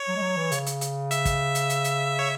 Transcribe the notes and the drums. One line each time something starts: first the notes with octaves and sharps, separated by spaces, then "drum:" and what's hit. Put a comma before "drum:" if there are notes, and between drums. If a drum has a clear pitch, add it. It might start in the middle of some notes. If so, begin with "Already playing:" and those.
Already playing: C#5
F#3
G#3
F#3
E3
C#3, drum: hi-hat
drum: hi-hat
drum: hi-hat
E5, drum: hi-hat
drum: kick, hi-hat
drum: hi-hat
drum: hi-hat
drum: hi-hat
C#5